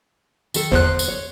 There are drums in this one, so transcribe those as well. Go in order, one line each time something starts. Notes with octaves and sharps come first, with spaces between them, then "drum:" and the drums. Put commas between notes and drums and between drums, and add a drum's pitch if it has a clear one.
D#3 A4, drum: tambourine
G1 E2 C5 F#6
drum: tambourine
C#5